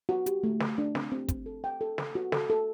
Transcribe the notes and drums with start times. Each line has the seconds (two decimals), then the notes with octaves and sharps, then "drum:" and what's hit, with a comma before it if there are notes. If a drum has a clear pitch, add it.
0.09 F#4
0.26 G4, drum: hi-hat
0.44 A3
0.60 A3, drum: snare
0.78 D4
0.95 C4, drum: snare
1.12 C4
1.28 C4, drum: kick, hi-hat
1.46 A4
1.64 G5
1.81 A4
1.98 A4, drum: snare
2.15 F#4
2.32 A4, drum: snare
2.50 A4